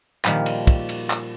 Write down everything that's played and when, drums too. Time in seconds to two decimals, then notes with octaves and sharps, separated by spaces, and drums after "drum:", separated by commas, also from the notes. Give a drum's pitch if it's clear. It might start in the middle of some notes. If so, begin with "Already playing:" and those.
0.25 A#2 D#3 F3 G3, drum: clap
0.46 drum: cymbal
0.67 drum: kick, cymbal
0.89 drum: cymbal
1.10 drum: clap